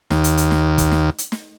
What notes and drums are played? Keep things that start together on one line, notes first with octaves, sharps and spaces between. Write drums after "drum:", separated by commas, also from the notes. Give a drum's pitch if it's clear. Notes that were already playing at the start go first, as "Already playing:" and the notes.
D#2, drum: snare
drum: hi-hat
drum: hi-hat
drum: snare
drum: kick, hi-hat
drum: snare
drum: hi-hat
drum: snare